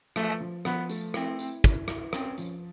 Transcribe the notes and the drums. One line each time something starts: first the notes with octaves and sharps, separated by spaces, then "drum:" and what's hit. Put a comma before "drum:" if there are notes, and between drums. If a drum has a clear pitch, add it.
F3 A3, drum: rim click
F3
F3 B3, drum: rim click
A3, drum: tambourine
C4 E4, drum: rim click
E4, drum: tambourine
E4, drum: kick, tambourine
E4, drum: rim click
C4 C#4, drum: rim click
F3, drum: tambourine